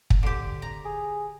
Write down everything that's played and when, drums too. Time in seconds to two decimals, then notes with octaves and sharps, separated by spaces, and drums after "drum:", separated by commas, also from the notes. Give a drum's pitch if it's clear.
0.10 drum: kick
0.23 D3 G4
0.62 A#5
0.85 G#4